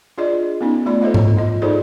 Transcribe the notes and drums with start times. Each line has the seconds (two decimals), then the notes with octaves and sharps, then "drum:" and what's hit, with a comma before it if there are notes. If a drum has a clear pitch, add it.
0.18 D4 F4 G#4 D5 D#5
0.61 B3 C#4 D#4
0.86 A3 F4 D5 B5
1.02 A4 C5 C#5 D#5 F5
1.14 drum: tom G#2
1.37 F4 D#5
1.62 D#4 F4 G#4 A4 C5 D5